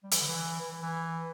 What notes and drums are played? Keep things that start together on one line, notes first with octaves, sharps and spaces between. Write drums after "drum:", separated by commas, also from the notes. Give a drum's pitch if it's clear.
G3
E3, drum: hi-hat
D3
E3
E3
E3
E3